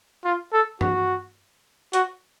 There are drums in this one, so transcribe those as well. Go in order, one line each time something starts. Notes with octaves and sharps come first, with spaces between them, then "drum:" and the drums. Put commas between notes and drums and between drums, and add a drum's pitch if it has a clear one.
F4
A4
F#4, drum: tom G2
F#4, drum: hi-hat